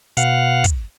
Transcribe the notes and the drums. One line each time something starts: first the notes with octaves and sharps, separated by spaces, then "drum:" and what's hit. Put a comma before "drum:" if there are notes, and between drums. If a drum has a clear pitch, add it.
B2 F5 F#5, drum: hi-hat
drum: kick, hi-hat